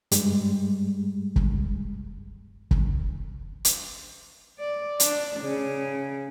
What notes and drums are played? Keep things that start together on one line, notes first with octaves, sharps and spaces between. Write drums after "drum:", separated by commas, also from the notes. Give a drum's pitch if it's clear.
G2 G3 G#3, drum: hi-hat
drum: kick
drum: kick
drum: hi-hat
D5
D4, drum: hi-hat
C#3